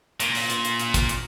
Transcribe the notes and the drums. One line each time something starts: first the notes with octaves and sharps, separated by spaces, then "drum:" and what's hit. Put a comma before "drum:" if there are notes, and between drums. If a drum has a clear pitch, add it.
A#2, drum: hi-hat
drum: open hi-hat
drum: hi-hat
drum: hi-hat
drum: hi-hat
drum: kick, hi-hat
drum: hi-hat